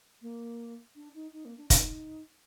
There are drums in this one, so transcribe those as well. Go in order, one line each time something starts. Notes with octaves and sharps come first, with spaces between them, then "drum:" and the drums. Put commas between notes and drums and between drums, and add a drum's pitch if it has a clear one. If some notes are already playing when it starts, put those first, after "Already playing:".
A#3
D4
D#4
D#4
A#3
D4
D#4, drum: kick, hi-hat